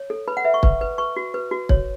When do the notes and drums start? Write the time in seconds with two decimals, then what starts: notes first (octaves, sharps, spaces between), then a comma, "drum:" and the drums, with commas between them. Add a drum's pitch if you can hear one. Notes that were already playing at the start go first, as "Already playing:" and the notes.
Already playing: C#5
0.10 A4
0.28 B4 B5
0.37 F#5
0.45 B4 E5
0.54 C#6
0.63 B4, drum: kick
0.81 B4
0.98 B4 C#6
1.16 F#4
1.34 B4
1.51 F#4
1.69 C#5, drum: kick